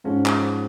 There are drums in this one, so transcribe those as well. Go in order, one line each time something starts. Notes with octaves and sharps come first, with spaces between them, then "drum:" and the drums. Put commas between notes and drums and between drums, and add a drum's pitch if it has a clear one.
G#2 F3 G#3 C#4
drum: clap